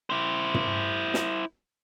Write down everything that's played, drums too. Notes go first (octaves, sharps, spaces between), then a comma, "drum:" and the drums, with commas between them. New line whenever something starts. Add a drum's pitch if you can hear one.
E4 C5
drum: tom
drum: snare